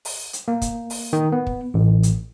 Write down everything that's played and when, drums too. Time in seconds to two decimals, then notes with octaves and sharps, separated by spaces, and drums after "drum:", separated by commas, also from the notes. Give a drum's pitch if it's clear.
0.05 drum: open hi-hat
0.33 drum: hi-hat
0.48 A#3
0.62 drum: kick, hi-hat
0.90 drum: open hi-hat
1.13 D#3
1.32 B3
1.47 drum: kick
1.74 A1
2.03 drum: hi-hat